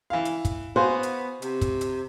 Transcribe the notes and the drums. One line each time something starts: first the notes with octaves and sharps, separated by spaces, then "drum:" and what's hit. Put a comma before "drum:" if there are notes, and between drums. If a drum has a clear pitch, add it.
E3 F5
drum: hi-hat
drum: kick, hi-hat
B3 F#4 C5 F5 G#5
drum: hi-hat
C3, drum: hi-hat
drum: kick, hi-hat
drum: hi-hat